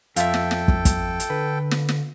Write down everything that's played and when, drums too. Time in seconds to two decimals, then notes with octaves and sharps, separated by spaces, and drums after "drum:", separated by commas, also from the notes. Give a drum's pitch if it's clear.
0.16 F2 F4 A4 E5 G5, drum: hi-hat
0.34 drum: snare
0.51 drum: snare
0.68 drum: kick
0.85 drum: kick, hi-hat
1.20 drum: hi-hat
1.30 D3 B4
1.71 drum: snare
1.89 drum: snare